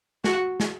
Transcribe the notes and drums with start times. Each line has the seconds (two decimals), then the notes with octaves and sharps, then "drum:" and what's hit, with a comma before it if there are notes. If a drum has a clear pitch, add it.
0.24 F#4, drum: snare
0.60 drum: snare